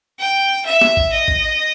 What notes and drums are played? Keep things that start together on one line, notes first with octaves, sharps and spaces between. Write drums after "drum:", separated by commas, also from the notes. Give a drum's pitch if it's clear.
G5
E5
drum: snare
drum: kick
D#5
drum: kick